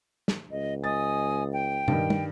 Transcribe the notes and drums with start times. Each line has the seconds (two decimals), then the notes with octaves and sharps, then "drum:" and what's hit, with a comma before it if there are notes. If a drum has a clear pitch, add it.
0.28 drum: snare
0.51 C#2 D#5
0.84 D#5 G#5 D#6 A6
1.53 G5
1.88 G2 D#3, drum: tom
2.10 drum: tom